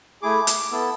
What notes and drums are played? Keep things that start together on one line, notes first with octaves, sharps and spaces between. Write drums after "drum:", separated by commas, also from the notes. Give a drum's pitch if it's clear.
A3 E4 G#4 D6
drum: hi-hat
B3 E4 A4 E6